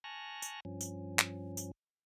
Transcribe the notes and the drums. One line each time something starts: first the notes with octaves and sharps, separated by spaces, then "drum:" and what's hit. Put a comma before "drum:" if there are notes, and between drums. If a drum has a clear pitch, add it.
G#5 A5 C#6 F6 F#6 A#6
drum: tambourine
G2 F3 C#4
drum: tambourine
drum: clap
drum: tambourine